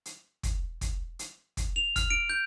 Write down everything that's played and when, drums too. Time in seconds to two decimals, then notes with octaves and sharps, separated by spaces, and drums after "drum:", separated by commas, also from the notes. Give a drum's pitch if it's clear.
0.05 drum: hi-hat
0.43 drum: kick, hi-hat
0.81 drum: kick, hi-hat
1.19 drum: hi-hat
1.57 drum: kick, hi-hat
1.76 F7
1.96 F6, drum: kick, hi-hat
2.10 D7
2.30 G6